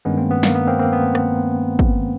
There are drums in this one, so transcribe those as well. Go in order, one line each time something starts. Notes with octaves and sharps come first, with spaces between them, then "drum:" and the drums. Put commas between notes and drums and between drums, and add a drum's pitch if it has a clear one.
G2 D#3 G#3 B3 C#4
A#3 C4
B3
A#3, drum: snare
B3
A#3 C4
A#3 C4
B3
drum: rim click
drum: kick